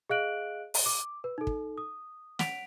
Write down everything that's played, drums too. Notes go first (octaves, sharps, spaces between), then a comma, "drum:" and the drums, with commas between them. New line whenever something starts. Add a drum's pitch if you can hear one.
G#4 D#5 F5 F#6 D7 F#7
drum: open hi-hat
D6
B4
D#4 A4
drum: kick
D#6
F#5 B6 D7 F7, drum: snare